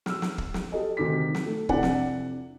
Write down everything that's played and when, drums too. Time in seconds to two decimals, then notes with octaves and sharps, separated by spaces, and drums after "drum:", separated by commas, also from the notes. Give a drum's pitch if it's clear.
0.06 E6 F6, drum: snare
0.22 drum: snare
0.38 drum: kick
0.54 drum: snare
0.72 G4 A4 D#5
0.97 D2 C3 D#3 D6 B6
1.35 drum: snare
1.46 A3
1.69 F2 C3 D4 E4 D5 F#5, drum: kick
1.83 drum: snare